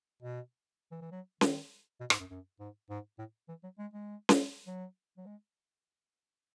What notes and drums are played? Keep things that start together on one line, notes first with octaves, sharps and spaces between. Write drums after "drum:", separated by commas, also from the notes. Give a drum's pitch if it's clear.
B2
E3
E3
F#3
D#3, drum: snare C#4
B2
G#2, drum: rim click
F#2
F#2
G#2
G#2
A2
E3
F#3
G#3
G#3
drum: snare C#4
F#3
F#3
G#3